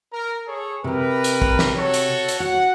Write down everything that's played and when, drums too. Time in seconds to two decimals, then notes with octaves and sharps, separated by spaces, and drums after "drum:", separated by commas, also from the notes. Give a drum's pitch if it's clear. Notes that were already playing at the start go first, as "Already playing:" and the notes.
0.12 A#4
0.47 G#4 A4 C#5
0.84 C3 G4 A#4 B4
1.24 drum: hi-hat
1.42 drum: kick
1.59 drum: snare
1.76 F#4 A4 C#5
1.94 drum: hi-hat
2.28 drum: hi-hat
2.40 F#4 F#5